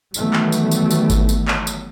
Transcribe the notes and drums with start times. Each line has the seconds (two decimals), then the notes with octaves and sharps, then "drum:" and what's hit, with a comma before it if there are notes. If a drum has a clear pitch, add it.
0.14 D#3 E3 F#3 G3 A3 B3, drum: tambourine
0.33 drum: clap
0.52 drum: tambourine
0.71 drum: tambourine
0.91 drum: tambourine
1.10 drum: kick G#1, tambourine
1.29 drum: tambourine
1.48 drum: clap
1.67 drum: tambourine